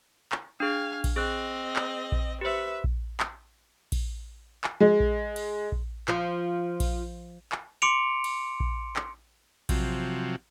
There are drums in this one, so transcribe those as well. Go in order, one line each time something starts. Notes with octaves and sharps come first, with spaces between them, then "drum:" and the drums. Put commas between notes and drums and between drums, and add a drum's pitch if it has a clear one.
drum: clap
D4 G#4 F5 G#5
drum: kick A#1, cymbal
C4 G#4 D#5 F#6
drum: clap
drum: kick A#1
G4 B4 C5 E5
drum: kick A#1
drum: clap
drum: kick A#1, cymbal
drum: clap
G#3
drum: kick A#1
drum: cymbal
drum: kick A#1
F3, drum: clap
drum: kick A#1, cymbal
drum: clap
C6 D6 C#7 D7 F7
drum: cymbal
drum: kick A#1
drum: clap
C3 F3 F#3, drum: kick A#1, cymbal